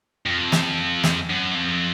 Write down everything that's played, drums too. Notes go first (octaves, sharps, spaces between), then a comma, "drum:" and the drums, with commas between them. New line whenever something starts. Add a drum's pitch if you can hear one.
F2
drum: snare
drum: snare
F#2
F2